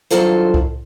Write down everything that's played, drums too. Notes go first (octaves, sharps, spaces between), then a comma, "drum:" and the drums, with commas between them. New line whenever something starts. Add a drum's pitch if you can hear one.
G2 D#3 F#3 F4 A4 C5
drum: kick C2